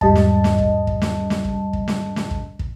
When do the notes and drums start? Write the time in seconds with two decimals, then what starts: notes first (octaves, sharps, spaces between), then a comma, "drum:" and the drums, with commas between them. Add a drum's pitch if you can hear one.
0.01 E2 G#2 G3 D#5 A5, drum: kick
0.15 drum: snare
0.44 drum: snare
0.59 drum: kick
0.87 drum: kick
1.02 drum: snare
1.30 drum: snare
1.45 drum: kick
1.73 drum: kick
1.88 drum: snare
2.16 drum: snare
2.31 drum: kick
2.59 drum: kick